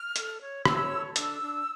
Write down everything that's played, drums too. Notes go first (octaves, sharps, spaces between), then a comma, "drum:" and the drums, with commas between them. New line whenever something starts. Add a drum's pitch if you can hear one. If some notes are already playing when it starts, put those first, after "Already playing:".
Already playing: F6
A4, drum: hi-hat
C#5
C#5 E6, drum: rim click
A4
D4 E6, drum: hi-hat
D4